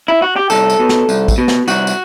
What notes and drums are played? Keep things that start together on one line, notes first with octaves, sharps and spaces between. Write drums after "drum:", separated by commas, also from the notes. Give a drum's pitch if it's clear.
E4
F#4
G4
C2 A4, drum: tambourine
drum: tambourine
B2
drum: snare
C2, drum: tambourine
drum: kick, tambourine
B2
drum: snare
C2 F#4, drum: tambourine
drum: tambourine